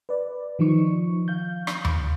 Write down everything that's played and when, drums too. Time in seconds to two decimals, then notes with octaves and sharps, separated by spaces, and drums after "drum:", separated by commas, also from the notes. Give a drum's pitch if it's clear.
0.09 B4 D5
0.59 D#3 F3 D#4 C#6
1.28 F5 G6
1.67 drum: rim click
1.85 drum: tom D#2